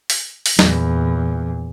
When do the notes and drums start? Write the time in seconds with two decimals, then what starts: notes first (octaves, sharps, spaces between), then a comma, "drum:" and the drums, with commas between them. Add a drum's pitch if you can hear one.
0.10 drum: open hi-hat
0.46 drum: open hi-hat
0.59 E2 A#2, drum: snare